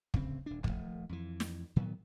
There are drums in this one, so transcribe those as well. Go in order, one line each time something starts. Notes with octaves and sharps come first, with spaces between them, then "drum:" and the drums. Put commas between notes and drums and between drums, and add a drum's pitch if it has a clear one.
D1 C#3 C4, drum: kick
D#1 D4
D#1 D#2 F3 A3, drum: kick
F2 E3
drum: snare
A2 D#3 F#3 B3